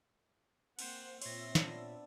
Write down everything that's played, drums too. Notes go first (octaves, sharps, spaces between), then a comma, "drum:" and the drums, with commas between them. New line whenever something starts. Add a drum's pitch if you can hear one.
A#3 C4 C5 F#5, drum: cymbal
A#2 C4 F4 C#5 E5 C6 A#6, drum: cymbal
B3 D4 D5, drum: snare